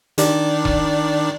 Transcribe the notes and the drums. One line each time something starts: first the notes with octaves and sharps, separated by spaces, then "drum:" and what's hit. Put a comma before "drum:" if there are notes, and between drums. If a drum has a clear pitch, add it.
D#3 D4 D5, drum: hi-hat
drum: kick E1